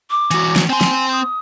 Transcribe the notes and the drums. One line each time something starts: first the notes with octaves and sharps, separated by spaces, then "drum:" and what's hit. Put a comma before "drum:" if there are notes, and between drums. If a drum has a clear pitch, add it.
D6
E3 F#4, drum: hi-hat
drum: snare
C4 G#5 C6
drum: snare
D#6